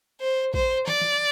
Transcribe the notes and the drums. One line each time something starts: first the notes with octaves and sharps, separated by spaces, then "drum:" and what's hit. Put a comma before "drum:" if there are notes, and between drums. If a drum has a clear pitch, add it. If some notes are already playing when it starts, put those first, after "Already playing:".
C5
C5, drum: kick A1
D5, drum: tom
drum: tom